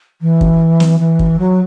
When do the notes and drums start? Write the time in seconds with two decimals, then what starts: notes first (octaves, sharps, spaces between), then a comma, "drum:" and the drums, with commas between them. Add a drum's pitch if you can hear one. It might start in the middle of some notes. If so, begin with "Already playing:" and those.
0.21 E3
0.41 drum: kick
0.80 drum: snare
1.00 E3
1.19 drum: kick
1.39 F#3